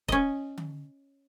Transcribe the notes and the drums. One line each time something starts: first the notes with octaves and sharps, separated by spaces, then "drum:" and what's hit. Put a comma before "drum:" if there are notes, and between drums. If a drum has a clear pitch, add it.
C#4 D#5, drum: kick
drum: tom D3